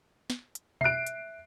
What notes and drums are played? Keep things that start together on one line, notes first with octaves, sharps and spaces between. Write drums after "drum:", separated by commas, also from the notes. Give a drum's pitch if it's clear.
drum: snare
drum: hi-hat
E5 F#6 C7 D7, drum: tom B2
drum: hi-hat